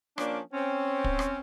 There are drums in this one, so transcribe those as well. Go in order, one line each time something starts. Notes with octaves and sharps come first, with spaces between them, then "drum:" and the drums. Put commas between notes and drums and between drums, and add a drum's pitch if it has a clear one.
F3 A#3 C#4 D4, drum: rim click
C4 C#4
drum: kick
drum: rim click